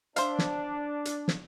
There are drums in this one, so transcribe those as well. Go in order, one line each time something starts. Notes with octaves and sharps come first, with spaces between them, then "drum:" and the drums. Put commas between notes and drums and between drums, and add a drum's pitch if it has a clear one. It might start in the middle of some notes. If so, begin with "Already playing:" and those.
D4 C5 E5 F5, drum: hi-hat
drum: snare
drum: hi-hat
drum: snare